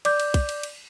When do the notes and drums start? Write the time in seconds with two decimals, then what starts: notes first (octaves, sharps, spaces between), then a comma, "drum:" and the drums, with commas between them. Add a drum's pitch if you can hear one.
0.05 D5 D6 G6, drum: cymbal
0.20 drum: cymbal
0.34 drum: kick, cymbal
0.49 drum: cymbal
0.63 drum: cymbal